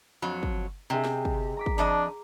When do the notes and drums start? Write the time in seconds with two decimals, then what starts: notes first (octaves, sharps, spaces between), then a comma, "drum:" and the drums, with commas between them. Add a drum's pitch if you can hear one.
0.22 F2 F#3
0.43 drum: kick
0.90 C3 G#4 D#5 G5
1.05 drum: snare
1.25 drum: kick
1.57 A#5 D6 B6
1.66 drum: kick
1.78 F2 F3 D4 D#5